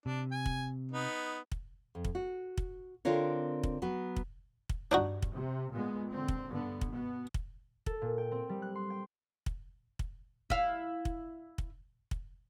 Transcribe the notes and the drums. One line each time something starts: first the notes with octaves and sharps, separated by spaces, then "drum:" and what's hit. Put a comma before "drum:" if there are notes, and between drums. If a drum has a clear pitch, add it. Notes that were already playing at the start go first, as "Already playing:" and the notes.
C3 D4
G#5
drum: kick
B3 D#4
drum: kick
F2
drum: kick
F#4
drum: kick
D3 C4 D4 F4 A#4 C#5
drum: kick
F#3 B3 F#4
drum: kick
drum: kick
G2 D4 D#4 F#4
drum: kick
C3
A#2 G#3 B3
D3 C4
drum: kick
G2 D3 B3
drum: kick
B2 B3
drum: kick
A4, drum: kick
A#2
G5
C4
G3
F#6
C6
G5
drum: kick
drum: kick
E4 F5, drum: kick
drum: kick
drum: kick
drum: kick